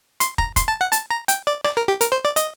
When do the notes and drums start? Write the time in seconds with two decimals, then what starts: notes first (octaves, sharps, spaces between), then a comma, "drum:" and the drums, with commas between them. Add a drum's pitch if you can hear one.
0.20 C6, drum: hi-hat
0.38 A#5, drum: kick
0.56 C6, drum: kick, hi-hat
0.68 A5
0.81 F#5
0.92 A5, drum: hi-hat
1.10 A#5
1.28 G5, drum: hi-hat
1.47 D5
1.64 D5, drum: rim click
1.77 A#4
1.88 G4
2.01 A#4, drum: hi-hat
2.12 C5
2.25 D5
2.36 D#5, drum: hi-hat